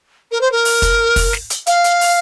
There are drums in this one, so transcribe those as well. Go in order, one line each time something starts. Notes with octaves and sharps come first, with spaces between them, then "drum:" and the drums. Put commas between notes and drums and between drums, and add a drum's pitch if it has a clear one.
A#4
C5
A#4
drum: open hi-hat
drum: kick, hi-hat
drum: kick, open hi-hat
drum: snare
drum: hi-hat
F5, drum: hi-hat
drum: hi-hat
drum: open hi-hat